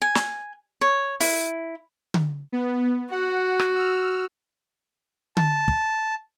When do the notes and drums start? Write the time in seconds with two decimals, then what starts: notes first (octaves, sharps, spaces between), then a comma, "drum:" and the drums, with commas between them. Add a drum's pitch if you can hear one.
0.02 G#5
0.15 drum: snare
0.81 C#5
1.20 E4, drum: open hi-hat
2.14 drum: tom D3
2.52 B3
3.11 F#4 F#5
3.59 drum: rim click
3.75 E6 F6
5.37 A5, drum: tom D3
5.68 drum: kick